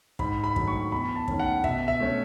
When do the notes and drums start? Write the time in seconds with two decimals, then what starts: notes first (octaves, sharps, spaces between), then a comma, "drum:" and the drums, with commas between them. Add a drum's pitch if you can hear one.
0.19 G#2 B5, drum: kick
0.44 B5
0.56 D#3 F#3 A3, drum: kick
0.67 C#6
0.92 E2 B5
1.15 A5
1.28 D#3 A3 C#4, drum: kick
1.39 F#5
1.64 B2 E5, drum: kick
1.88 E5
2.00 A3 C#4